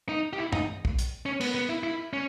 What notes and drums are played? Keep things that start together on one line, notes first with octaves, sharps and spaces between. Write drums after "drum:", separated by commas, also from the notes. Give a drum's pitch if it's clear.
D#4
G4
E4
D#4, drum: tom F#2
drum: kick
drum: hi-hat
C#4
B3, drum: cymbal
B3
E4
E4
C#4